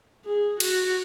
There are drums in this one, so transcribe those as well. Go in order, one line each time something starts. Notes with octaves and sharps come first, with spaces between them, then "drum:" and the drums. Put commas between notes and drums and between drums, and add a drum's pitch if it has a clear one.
G#4
F#4, drum: cymbal